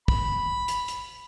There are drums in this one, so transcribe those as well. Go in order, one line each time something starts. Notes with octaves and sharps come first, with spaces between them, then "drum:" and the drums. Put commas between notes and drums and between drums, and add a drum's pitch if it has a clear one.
B5, drum: kick
drum: hi-hat
drum: hi-hat